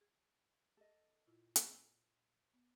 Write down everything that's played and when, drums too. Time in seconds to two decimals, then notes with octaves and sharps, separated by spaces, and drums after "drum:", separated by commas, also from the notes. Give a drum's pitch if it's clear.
0.01 G#4
0.77 A4 D#5
1.27 A#2 E4 F4
1.56 drum: hi-hat
2.54 B3